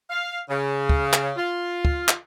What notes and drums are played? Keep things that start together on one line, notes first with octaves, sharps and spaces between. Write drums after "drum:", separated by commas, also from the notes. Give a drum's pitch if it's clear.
F5
C#3
drum: kick
drum: clap
F4
drum: kick
drum: clap